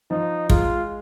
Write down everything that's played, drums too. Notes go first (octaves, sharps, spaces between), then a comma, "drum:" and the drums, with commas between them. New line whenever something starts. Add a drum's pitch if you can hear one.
F3 D#4
G#3 F4, drum: kick